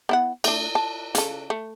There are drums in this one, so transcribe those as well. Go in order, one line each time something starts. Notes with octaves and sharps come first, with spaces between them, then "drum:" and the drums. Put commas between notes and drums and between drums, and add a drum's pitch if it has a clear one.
B3 E4 F#5
A3 D4, drum: cymbal
A5
C#3 A4, drum: hi-hat
A3